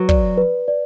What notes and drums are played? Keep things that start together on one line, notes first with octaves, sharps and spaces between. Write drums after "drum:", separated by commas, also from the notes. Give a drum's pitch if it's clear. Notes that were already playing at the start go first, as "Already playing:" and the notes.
Already playing: F#3 B4
D5, drum: kick
B4
D5